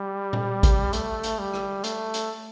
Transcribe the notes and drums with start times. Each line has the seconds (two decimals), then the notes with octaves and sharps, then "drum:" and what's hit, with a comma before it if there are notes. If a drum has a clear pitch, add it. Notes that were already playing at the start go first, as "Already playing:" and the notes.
Already playing: G3
0.33 drum: tom A#2
0.63 drum: kick G#1, hi-hat
0.93 A3, drum: hi-hat
1.23 drum: hi-hat
1.39 G3
1.54 drum: rim click
1.84 A3, drum: hi-hat
2.14 drum: hi-hat